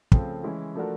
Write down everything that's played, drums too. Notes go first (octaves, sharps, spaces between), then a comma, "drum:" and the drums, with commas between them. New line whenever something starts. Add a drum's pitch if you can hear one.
C#3 F3 A3 C4, drum: kick
E3 G#3 C#4 E4
F3 A3 D4 F#4 A#4